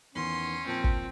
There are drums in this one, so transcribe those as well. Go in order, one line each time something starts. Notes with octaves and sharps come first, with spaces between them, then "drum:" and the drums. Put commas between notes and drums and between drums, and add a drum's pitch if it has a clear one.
E2 D#3 B3 C#4 C6
A#2 F3 C4 A5
drum: kick